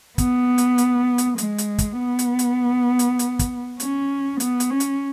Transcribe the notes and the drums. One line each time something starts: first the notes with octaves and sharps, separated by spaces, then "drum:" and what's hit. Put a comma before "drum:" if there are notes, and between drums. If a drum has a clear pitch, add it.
B3, drum: kick, hi-hat
drum: hi-hat
drum: hi-hat
drum: hi-hat
G#3, drum: hi-hat
drum: hi-hat
drum: kick, hi-hat
B3
drum: hi-hat
drum: hi-hat
drum: hi-hat
drum: hi-hat
drum: kick, hi-hat
C#4, drum: hi-hat
B3, drum: hi-hat
drum: hi-hat
C#4
drum: hi-hat